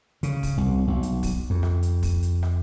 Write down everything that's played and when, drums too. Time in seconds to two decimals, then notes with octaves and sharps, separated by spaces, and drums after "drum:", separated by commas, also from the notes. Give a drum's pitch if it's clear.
0.23 C#3, drum: hi-hat
0.43 drum: kick, open hi-hat
0.58 C2
0.88 B1
1.03 drum: hi-hat
1.23 drum: kick, open hi-hat
1.50 F2
1.63 drum: rim click
1.83 drum: hi-hat
2.03 drum: kick, open hi-hat
2.23 drum: hi-hat
2.43 drum: rim click